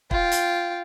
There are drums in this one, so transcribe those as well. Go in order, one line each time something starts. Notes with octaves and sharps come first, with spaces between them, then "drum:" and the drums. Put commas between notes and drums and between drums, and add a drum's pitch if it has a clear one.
F4 G5, drum: kick
drum: hi-hat